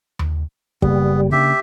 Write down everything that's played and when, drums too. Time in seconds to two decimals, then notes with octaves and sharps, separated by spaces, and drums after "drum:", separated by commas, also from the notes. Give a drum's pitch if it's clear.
0.19 drum: tom D#2
0.82 F#1 C#3 G3 A#3 B3, drum: kick
1.32 C#3 A#3 D4 G4 E5